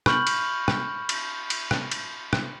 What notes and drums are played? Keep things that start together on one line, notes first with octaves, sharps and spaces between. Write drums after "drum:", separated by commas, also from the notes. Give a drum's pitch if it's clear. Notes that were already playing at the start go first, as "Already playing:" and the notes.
B5 C#6 F6 G6 F#7, drum: rim click
drum: cymbal
drum: rim click
drum: cymbal
drum: cymbal
drum: rim click
drum: cymbal
drum: rim click